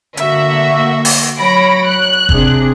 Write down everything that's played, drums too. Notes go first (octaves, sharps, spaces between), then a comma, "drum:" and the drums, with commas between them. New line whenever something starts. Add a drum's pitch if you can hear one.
D3 A#3 F#4 E5, drum: hi-hat
drum: open hi-hat
F#3 C#5 B5 A#6 D7
F#6
C3 D4 G#4, drum: kick